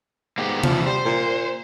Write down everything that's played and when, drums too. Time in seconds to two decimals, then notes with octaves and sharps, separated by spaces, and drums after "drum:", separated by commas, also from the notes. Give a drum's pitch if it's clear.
0.38 G#2 A#3 B3 G4
0.64 E2 C#3 E3 F3, drum: tom C3
0.86 G3 C5
1.05 A#2